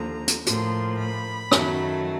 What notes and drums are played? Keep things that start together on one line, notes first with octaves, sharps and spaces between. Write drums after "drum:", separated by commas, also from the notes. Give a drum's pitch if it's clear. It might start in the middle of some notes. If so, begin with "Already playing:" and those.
Already playing: D#2 D3 F3 A#5
drum: hi-hat
A2 F3 A#3 C6, drum: hi-hat
B5
F#2 D#3 F#3 A3, drum: rim click